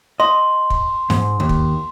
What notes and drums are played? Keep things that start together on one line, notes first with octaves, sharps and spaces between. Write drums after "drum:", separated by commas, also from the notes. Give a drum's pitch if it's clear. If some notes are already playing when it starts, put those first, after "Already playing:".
D#5 C6
drum: kick
G#2, drum: snare
D#2
drum: kick